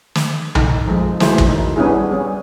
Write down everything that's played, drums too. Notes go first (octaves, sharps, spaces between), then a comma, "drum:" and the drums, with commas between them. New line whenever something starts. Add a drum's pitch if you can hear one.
drum: snare
D#4 A4, drum: tom B1
F3 G#3
E3 F#3 G#3 A3 E4 C5, drum: snare
drum: kick
D#3 D#4
G3 B3 C#4 D4 E4 G#4
G3 C#4